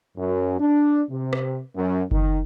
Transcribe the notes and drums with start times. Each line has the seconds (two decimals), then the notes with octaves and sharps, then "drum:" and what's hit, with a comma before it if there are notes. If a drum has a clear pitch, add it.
0.18 F#2
0.60 D4
1.11 C3
1.33 drum: rim click
1.76 F#2
2.11 D#3, drum: kick F#1